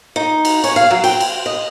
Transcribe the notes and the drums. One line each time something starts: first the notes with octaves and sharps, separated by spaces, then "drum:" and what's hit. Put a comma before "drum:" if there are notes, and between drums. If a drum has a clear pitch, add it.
D#4
drum: cymbal
C#4, drum: cymbal
F5
F#3
G5, drum: cymbal
drum: cymbal
D#5